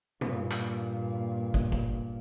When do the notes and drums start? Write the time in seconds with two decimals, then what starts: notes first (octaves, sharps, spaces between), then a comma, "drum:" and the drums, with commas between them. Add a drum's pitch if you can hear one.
0.21 G2 A#2, drum: tom B2
0.51 drum: clap
1.54 drum: kick
1.72 drum: kick